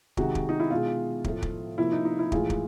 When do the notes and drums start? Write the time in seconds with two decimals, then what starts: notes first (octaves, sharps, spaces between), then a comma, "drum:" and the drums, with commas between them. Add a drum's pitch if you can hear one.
0.17 C3 D#3 G#3 F#4, drum: kick
0.35 drum: kick
0.49 D#4
0.60 E4
0.71 B2 G#3 F4
1.24 A2 F3 A3, drum: kick
1.42 drum: kick
1.78 C3 F3 A#3 E4
1.92 D#4
2.05 D#4
2.19 E4
2.32 A2 E3 G#3 F4, drum: kick
2.50 drum: kick